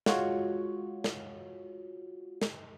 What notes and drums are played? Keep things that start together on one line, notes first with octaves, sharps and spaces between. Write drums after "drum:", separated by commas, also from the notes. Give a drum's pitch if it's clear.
G#3 F4 F#4 C#5, drum: snare
drum: snare
drum: snare